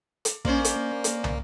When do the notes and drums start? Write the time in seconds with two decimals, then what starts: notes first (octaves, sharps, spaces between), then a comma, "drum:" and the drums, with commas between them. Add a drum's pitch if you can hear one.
0.25 drum: hi-hat
0.45 A#3 C#4 C5 D5, drum: kick
0.65 drum: hi-hat
1.04 drum: hi-hat
1.24 drum: tom